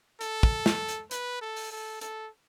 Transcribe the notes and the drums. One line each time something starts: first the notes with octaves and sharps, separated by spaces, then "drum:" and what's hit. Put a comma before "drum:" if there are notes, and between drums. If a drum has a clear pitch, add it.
A4, drum: hi-hat
drum: kick
drum: snare
drum: hi-hat
B4, drum: hi-hat
A4
drum: open hi-hat
A4
A4, drum: hi-hat